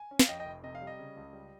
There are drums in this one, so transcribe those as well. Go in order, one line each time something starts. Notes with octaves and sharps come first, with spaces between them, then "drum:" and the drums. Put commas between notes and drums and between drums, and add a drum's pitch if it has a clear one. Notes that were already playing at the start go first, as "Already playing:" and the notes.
Already playing: G#5
C#4
F5, drum: snare
F2 D#5 G5
D#5 G5
F1
C3 D#5
F5
G3
D#5
C#3
C#2
G3